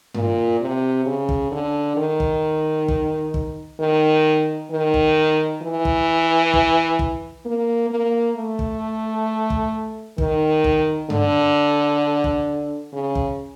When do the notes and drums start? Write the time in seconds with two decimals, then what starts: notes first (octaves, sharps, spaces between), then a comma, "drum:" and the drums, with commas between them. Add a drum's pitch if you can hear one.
0.14 A#2, drum: tom G2
0.60 C3
1.06 C#3
1.29 drum: kick
1.51 D3
1.97 D#3
2.20 drum: kick
2.88 drum: kick
3.34 drum: kick
3.80 D#3
4.71 D#3
4.94 drum: kick
5.62 E3
5.85 drum: kick
6.53 drum: kick
6.99 drum: kick
7.45 A#3
7.90 A#3
8.37 A3
8.59 drum: kick
9.50 drum: kick
10.18 D#3, drum: kick
10.64 drum: kick
11.10 D3, drum: tom G2
12.24 drum: kick
12.93 C#3
13.15 drum: kick